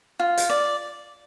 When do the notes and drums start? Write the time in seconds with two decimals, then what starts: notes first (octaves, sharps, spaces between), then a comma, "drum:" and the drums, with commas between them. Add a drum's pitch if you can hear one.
0.20 F4
0.37 drum: hi-hat
0.50 D5